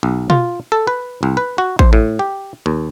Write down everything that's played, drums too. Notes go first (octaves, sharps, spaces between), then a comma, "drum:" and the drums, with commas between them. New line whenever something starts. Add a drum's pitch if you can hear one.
B1
F4, drum: tom B2
A4
B4
C2
B4
F#4
C5, drum: kick A1
A2
G4
D#2